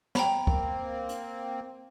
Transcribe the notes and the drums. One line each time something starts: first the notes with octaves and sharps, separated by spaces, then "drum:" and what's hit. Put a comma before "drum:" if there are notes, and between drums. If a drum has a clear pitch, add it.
G5 A#5 B5, drum: snare
A#3 C4, drum: kick C#2
drum: hi-hat